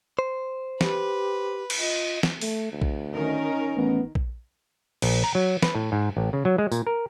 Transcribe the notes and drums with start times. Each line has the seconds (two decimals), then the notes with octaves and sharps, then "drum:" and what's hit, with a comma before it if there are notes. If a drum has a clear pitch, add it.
0.19 C5
0.81 G4 B4, drum: snare
1.70 drum: cymbal
1.79 F4 D#5
2.23 drum: snare
2.41 A3, drum: open hi-hat
2.72 D2
2.82 drum: kick A#1
3.13 D#3 C#4 D#4 A#4
3.76 A1 B3
4.15 drum: kick A#1
5.02 A#1, drum: cymbal
5.24 A#5
5.35 F#3
5.62 B4, drum: snare
5.75 A2
5.92 G#2
6.17 A1
6.33 C#3
6.45 F#3
6.58 G#3
6.72 A#2, drum: tambourine
6.87 A#4